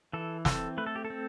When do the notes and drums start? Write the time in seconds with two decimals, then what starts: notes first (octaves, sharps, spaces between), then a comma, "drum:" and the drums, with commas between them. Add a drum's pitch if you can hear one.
0.13 E3 A4
0.45 C4 A4, drum: snare
0.78 A3 B4
0.86 A4
0.96 G4
1.05 A4
1.10 C4